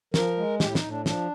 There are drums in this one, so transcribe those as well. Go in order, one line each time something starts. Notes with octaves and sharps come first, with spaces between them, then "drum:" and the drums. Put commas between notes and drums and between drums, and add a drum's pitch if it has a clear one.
F3 A#4, drum: snare
G#3
A2 G4, drum: snare
E4
D#4, drum: snare
A2
D4
F3 D4, drum: snare